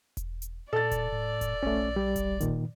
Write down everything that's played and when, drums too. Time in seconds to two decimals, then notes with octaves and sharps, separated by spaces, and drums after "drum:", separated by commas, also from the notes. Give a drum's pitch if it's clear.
0.17 drum: kick E1, hi-hat
0.42 drum: hi-hat
0.73 A#2 A4 D5 A6
0.91 drum: kick E1, hi-hat
1.12 A2
1.41 drum: kick E1, hi-hat
1.63 A#1 A3 C#4
1.96 G3
2.16 drum: kick E1, hi-hat
2.41 A#2 D#3, drum: hi-hat